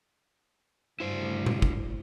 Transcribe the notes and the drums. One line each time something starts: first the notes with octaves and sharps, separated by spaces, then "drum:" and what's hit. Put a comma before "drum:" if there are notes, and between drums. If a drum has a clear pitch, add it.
D2 G2 E4 C5
drum: tom A#2
drum: kick